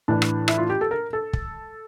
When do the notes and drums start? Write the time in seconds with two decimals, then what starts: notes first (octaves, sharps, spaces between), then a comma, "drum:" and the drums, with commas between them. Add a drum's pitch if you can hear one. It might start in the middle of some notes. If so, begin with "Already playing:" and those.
0.08 A2 E3 D4
0.22 drum: rim click
0.48 E4, drum: rim click
0.58 F4
0.70 G4
0.81 A4
0.91 A#4
1.13 A4
1.33 drum: kick